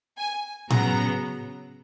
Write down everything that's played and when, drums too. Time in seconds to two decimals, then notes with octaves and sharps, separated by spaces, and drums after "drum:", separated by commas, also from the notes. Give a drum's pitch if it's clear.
0.19 G#5
0.70 C#3 F#3 B3 A#5, drum: tom A2